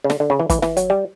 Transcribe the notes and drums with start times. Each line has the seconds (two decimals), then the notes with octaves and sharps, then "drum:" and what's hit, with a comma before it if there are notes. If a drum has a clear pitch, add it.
0.04 C#3
0.10 D3, drum: snare
0.20 D3
0.30 C#3
0.39 E3
0.50 E3, drum: kick, hi-hat
0.62 E3, drum: snare
0.77 F#3, drum: hi-hat
0.90 G3